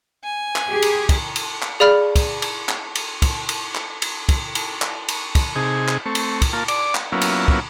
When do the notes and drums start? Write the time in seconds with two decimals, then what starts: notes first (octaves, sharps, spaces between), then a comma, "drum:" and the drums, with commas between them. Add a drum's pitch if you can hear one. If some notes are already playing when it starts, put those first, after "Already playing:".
0.24 G#5
0.56 drum: clap
0.67 G4 G#4
0.82 drum: cymbal
1.09 drum: kick, cymbal
1.36 drum: cymbal
1.62 drum: clap
1.80 G#4 D5 F5 B5 F6 A6
2.16 drum: kick, cymbal
2.42 drum: cymbal
2.69 drum: clap
2.95 drum: cymbal
3.22 drum: kick, cymbal
3.49 drum: cymbal
3.75 drum: clap
4.02 drum: cymbal
4.29 drum: kick, cymbal
4.55 drum: cymbal
4.82 drum: clap
5.08 drum: cymbal
5.35 drum: kick, cymbal
5.56 C3 D#4 G#4
5.88 drum: clap
6.06 A3 C4 C#6
6.15 drum: cymbal
6.42 drum: kick, cymbal
6.53 A#3 F4 A5
6.68 D5 D6, drum: cymbal
6.95 drum: clap
7.12 F#3 A#3 B3 C#4 E4 F4
7.22 drum: cymbal
7.48 drum: kick